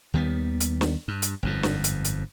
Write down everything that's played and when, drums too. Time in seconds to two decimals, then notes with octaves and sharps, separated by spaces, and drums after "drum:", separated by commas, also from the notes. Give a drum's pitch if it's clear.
0.14 D#2 D#3 G3 B3
0.60 drum: hi-hat
0.81 drum: snare
1.08 G2
1.22 drum: hi-hat
1.43 G1 F2 G#2
1.63 drum: snare
1.84 drum: hi-hat
2.04 drum: hi-hat